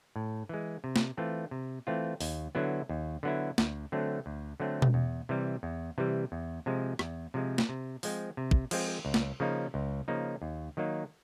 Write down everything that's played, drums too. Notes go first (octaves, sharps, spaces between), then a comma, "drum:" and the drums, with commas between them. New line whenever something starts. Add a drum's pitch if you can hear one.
A2
E3 G#3
C3
drum: snare
E3 A3 C4 F4
C3
E3 A3 C4 F4
D#2, drum: open hi-hat
D3 F#3 B3 E4
D#2
D3 F#3 B3 E4
D2, drum: snare
D3 F#3 A3 C4
D2
D3 F#3 A3 C4
drum: tom B2
E2
C3 E3 G3
E2
C3 E3 G3
E2
C3 F3 G#3
E2, drum: rim click
C3 F3 G#3
drum: snare
C3
F3 G#3 C4, drum: open hi-hat
C3
drum: kick
F3 G#3 C4, drum: cymbal
C#2
drum: snare
C#3 F3 A#3 D#4
C#2
C#3 F3 A#3 D#4
D#2
D#3 F#3 A#3 D#4